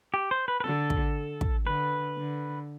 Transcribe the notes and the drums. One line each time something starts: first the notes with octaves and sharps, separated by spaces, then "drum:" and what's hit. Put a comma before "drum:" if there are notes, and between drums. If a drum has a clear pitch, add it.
G4
C5
B4
B4
D3 A4
drum: kick
drum: kick
D3 B4
D3